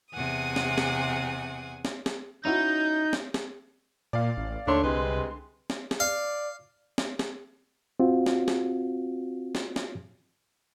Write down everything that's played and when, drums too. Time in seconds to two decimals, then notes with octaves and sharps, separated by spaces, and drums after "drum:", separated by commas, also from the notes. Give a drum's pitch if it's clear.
0.13 E2 C3 F#5 G#5 D#6
0.56 drum: snare
0.78 drum: snare
1.85 drum: snare
2.06 drum: snare
2.45 C#4 D#4 E4 F#4 G6
3.13 drum: snare
3.34 drum: snare
4.13 A#2 D5 F5
4.37 A1
4.67 D#2 D3 A3 D4 C#5 C6
4.84 C2 C3 G#3 B4
5.70 drum: snare
5.91 drum: snare
6.00 D5 F5
6.98 drum: snare
7.19 drum: snare
8.00 C4 F4 F#4
8.26 drum: snare
8.48 drum: snare
9.55 drum: snare
9.76 drum: snare